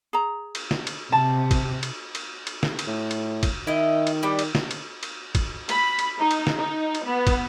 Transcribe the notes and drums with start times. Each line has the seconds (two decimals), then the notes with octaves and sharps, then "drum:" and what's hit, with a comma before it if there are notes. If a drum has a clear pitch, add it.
0.13 G#4 A#5
0.55 drum: cymbal
0.71 drum: snare
0.87 drum: cymbal
1.12 C3 A5
1.51 drum: kick, cymbal
1.83 drum: cymbal
2.15 drum: cymbal
2.47 drum: cymbal
2.63 drum: snare
2.79 drum: cymbal
2.88 A2
3.11 drum: cymbal
3.43 drum: kick, cymbal
3.67 D#3 E4 D#5
4.07 drum: cymbal
4.23 G3 D4 G4
4.39 drum: cymbal
4.55 drum: snare
4.71 drum: cymbal
5.03 drum: cymbal
5.35 drum: kick, cymbal
5.69 B5, drum: cymbal
5.99 drum: cymbal
6.20 D#4
6.31 drum: cymbal
6.47 drum: snare
6.58 D#4
6.95 drum: cymbal
7.05 B3
7.27 drum: kick, cymbal